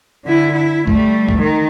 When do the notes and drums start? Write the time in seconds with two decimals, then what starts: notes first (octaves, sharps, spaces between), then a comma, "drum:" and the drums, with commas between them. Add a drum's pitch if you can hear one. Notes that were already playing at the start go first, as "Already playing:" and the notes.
0.24 D3 E4
0.53 E4
0.87 G3 A3, drum: kick
1.29 drum: kick
1.38 D#3